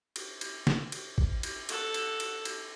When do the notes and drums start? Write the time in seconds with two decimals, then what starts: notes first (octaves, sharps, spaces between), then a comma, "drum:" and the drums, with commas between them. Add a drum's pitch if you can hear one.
0.16 drum: cymbal
0.41 drum: cymbal
0.67 drum: snare
0.92 drum: cymbal
1.18 drum: kick G#1
1.43 drum: cymbal
1.69 A4 F#5, drum: cymbal
1.94 drum: cymbal
2.20 drum: cymbal
2.45 drum: cymbal